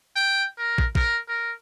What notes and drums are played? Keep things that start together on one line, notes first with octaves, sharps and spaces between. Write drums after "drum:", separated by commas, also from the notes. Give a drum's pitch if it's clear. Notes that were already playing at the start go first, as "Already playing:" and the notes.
G5
A#4
drum: kick
A#4, drum: kick
A#4